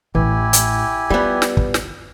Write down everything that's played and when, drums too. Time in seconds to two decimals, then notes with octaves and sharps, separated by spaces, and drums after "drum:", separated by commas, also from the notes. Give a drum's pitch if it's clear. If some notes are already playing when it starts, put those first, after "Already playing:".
0.15 A1 E3 E4 G4 G#5
0.53 drum: hi-hat
1.10 G3 B3 F4
1.42 drum: snare
1.57 drum: kick
1.74 drum: snare